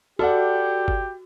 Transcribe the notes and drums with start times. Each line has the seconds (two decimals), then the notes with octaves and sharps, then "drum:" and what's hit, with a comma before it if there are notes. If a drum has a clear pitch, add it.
0.19 F#4 G4 A4 D5 F#5
0.88 drum: kick G1